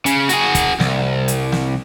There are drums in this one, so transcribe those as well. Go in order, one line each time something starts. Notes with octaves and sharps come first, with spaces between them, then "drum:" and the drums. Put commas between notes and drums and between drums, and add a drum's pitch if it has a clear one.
C#3, drum: hi-hat
F#4 G#4, drum: hi-hat
drum: kick, hi-hat
C2, drum: snare
drum: hi-hat
drum: snare